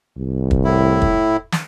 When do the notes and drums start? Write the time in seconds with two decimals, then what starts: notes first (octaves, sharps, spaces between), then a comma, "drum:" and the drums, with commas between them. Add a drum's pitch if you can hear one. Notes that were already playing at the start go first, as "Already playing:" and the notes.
0.17 C2
0.51 drum: kick
0.65 A2 E4
1.02 drum: kick
1.52 drum: snare